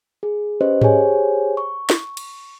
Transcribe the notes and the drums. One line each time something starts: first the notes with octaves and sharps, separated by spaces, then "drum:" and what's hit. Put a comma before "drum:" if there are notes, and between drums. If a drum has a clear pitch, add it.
G#4
C#4 G4 B4 C5 D#5
G4 G#4 C5 C#5 G#5, drum: tom G#2
C#6
drum: snare
drum: cymbal